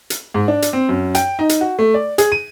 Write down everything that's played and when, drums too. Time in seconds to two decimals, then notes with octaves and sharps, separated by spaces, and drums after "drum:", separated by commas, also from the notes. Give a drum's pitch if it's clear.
0.10 drum: hi-hat
0.34 G#2
0.48 D4
0.62 drum: hi-hat
0.73 C4
0.89 F#2
1.15 G5, drum: hi-hat
1.39 D#4
1.49 drum: hi-hat
1.61 F#4
1.79 A3
1.94 D5
2.18 G#4, drum: hi-hat
2.32 D#7